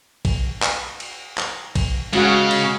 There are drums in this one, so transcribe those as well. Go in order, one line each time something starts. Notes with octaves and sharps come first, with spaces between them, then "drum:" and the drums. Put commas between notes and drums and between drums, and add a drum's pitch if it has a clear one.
drum: kick, cymbal
drum: clap
drum: cymbal
drum: clap
drum: kick, cymbal
C#3 G#3 F#4 F#5, drum: cymbal
drum: cymbal